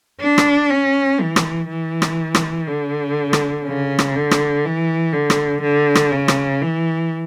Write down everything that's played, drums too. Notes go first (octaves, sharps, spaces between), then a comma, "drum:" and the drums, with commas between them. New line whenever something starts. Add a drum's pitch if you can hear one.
D4
drum: rim click
C#4
E3
drum: rim click
E3
drum: rim click
drum: rim click
D3
drum: rim click
C#3
drum: rim click
D3
drum: rim click
E3
D3
drum: rim click
D3
drum: rim click
C#3
drum: rim click
E3